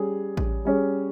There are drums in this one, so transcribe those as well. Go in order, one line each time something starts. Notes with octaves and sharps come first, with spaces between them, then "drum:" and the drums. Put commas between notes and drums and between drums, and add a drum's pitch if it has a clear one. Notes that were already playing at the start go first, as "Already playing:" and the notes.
Already playing: G3 C#4 G#4
drum: kick A1
G3 C#4 G#4